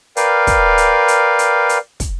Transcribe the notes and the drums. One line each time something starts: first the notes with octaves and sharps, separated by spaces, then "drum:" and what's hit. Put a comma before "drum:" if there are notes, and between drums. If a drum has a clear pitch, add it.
A#4 B4 D5 F5 G5, drum: hi-hat
drum: kick, hi-hat
drum: hi-hat
drum: hi-hat
drum: hi-hat
drum: hi-hat
drum: kick, hi-hat